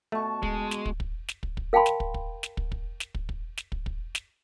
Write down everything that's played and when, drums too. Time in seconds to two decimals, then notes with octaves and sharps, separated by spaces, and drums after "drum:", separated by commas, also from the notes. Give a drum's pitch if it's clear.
0.12 B2 A3 A5 C#6
0.43 G#3, drum: kick
0.71 drum: snare
0.86 drum: kick
1.00 drum: kick
1.28 drum: snare
1.43 drum: kick
1.57 drum: kick
1.73 A#4 F5 G5 A5 B5 C6
1.86 drum: snare
2.00 drum: kick
2.14 drum: kick
2.43 drum: snare
2.57 drum: kick
2.72 drum: kick
3.00 drum: snare
3.15 drum: kick
3.29 drum: kick
3.57 drum: snare
3.72 drum: kick
3.86 drum: kick
4.15 drum: snare